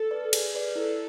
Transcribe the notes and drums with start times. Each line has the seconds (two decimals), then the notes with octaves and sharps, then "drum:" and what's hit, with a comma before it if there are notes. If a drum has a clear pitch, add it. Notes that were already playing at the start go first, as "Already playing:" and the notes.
Already playing: A4
0.11 B4 D5
0.33 G#4, drum: cymbal
0.55 B4 D5
0.76 E4 A4